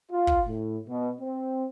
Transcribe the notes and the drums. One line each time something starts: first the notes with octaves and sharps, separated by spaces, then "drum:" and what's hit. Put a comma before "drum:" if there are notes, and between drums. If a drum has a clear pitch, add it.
F4
drum: kick
A2
B2
C4